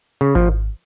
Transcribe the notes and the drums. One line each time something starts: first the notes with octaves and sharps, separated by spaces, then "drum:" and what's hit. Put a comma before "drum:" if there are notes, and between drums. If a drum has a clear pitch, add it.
C#3
F3, drum: kick G#1